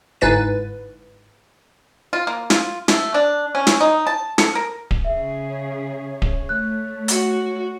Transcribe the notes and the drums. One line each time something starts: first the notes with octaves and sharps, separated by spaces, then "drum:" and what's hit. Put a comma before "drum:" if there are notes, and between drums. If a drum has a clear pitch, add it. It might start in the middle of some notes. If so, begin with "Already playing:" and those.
G1 G#2 E4 B4 A6 D#7
F4
A#3
F4, drum: snare
A3, drum: snare
D4
C#4
drum: snare
D#4
A5
A4, drum: snare
A#4
drum: kick D1
C#3 G#4 E5
C#5
drum: kick D1
A3 F#6
F#4, drum: hi-hat